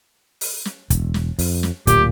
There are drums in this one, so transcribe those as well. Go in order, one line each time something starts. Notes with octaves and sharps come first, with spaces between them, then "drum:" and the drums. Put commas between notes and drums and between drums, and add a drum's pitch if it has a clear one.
drum: open hi-hat
drum: snare
E1, drum: kick, hi-hat
drum: snare
F2, drum: open hi-hat
drum: snare
D1 A#2 G4, drum: kick, hi-hat